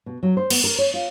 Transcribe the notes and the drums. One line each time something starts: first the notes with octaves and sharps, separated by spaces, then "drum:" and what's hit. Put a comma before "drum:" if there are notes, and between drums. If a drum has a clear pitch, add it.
B2
F#3
C5
B3, drum: cymbal
A#4
C#5
F4